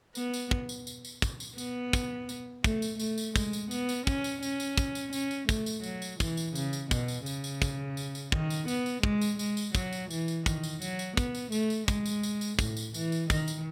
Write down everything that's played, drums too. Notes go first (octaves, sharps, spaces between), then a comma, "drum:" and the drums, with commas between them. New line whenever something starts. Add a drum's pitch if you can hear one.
B3, drum: tambourine
drum: tambourine
drum: kick
drum: tambourine
drum: tambourine
drum: tambourine
drum: kick, tambourine
drum: tambourine
B3, drum: tambourine
drum: kick, tambourine
drum: tambourine
A3, drum: kick, tambourine
drum: tambourine
A3, drum: tambourine
drum: tambourine
G#3, drum: kick, tambourine
drum: tambourine
B3, drum: tambourine
drum: tambourine
C#4, drum: kick, tambourine
drum: tambourine
C#4, drum: tambourine
drum: tambourine
drum: kick, tambourine
drum: tambourine
C#4, drum: tambourine
drum: tambourine
A3, drum: kick, tambourine
drum: tambourine
F#3, drum: tambourine
drum: tambourine
E3, drum: kick, tambourine
drum: tambourine
C#3, drum: tambourine
drum: tambourine
B2, drum: kick, tambourine
drum: tambourine
C#3, drum: tambourine
drum: tambourine
drum: kick, tambourine
drum: tambourine
drum: tambourine
D#3, drum: kick
drum: tambourine
B3, drum: tambourine
drum: tambourine
G#3, drum: kick
drum: tambourine
G#3, drum: tambourine
drum: tambourine
F#3, drum: kick, tambourine
drum: tambourine
E3, drum: tambourine
drum: tambourine
D#3, drum: kick, tambourine
drum: tambourine
F#3, drum: tambourine
drum: tambourine
B3, drum: kick, tambourine
drum: tambourine
A3, drum: tambourine
drum: tambourine
G#3, drum: kick, tambourine
drum: tambourine
drum: tambourine
drum: tambourine
A2, drum: kick, tambourine
drum: tambourine
E3, drum: tambourine
drum: tambourine
D#3, drum: kick, tambourine
drum: tambourine